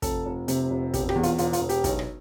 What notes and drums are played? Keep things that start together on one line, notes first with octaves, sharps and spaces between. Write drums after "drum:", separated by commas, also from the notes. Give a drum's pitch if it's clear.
F1 A4, drum: kick, hi-hat
F1
C3, drum: hi-hat
F1
E1 G4, drum: kick, hi-hat
G4, drum: rim click
E2
F4, drum: hi-hat
E1 F4, drum: hi-hat
F4, drum: hi-hat
E1
G4, drum: hi-hat
B1, drum: kick, hi-hat
drum: rim click